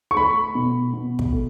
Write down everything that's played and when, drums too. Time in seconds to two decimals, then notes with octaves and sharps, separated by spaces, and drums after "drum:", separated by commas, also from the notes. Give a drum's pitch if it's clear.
0.11 C#6
0.16 A3 B5
0.55 B2
0.93 B2
1.19 drum: kick
1.32 A3